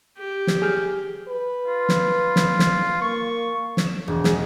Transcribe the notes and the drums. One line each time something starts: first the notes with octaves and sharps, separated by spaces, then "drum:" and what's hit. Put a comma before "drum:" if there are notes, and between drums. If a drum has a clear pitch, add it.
G4
drum: snare
G#4 F6 G6
B4
F4
drum: snare
drum: snare
drum: snare
A#3 C#6
drum: snare
E7
E1
G#3, drum: snare